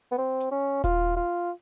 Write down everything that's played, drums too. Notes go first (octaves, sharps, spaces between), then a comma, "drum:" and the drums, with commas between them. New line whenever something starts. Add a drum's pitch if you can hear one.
B3
C4
drum: hi-hat
C#4
F4, drum: kick D#1, hi-hat
F4